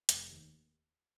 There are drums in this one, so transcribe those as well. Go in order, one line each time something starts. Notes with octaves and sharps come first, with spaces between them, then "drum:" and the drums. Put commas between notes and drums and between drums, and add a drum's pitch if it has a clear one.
F1, drum: hi-hat
D#2